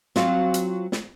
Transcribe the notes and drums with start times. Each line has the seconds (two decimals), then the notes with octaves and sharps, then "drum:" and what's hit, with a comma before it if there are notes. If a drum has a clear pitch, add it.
0.16 F#3 C4 F4, drum: snare
0.54 drum: hi-hat
0.92 drum: snare